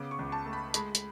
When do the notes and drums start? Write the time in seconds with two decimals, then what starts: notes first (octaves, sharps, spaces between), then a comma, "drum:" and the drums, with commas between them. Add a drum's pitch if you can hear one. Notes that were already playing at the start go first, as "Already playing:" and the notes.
Already playing: C#3 B3 D6
0.11 C#6
0.19 C#2
0.32 A5
0.45 A3
0.53 B5
0.74 G#3 B5, drum: hi-hat
0.95 drum: hi-hat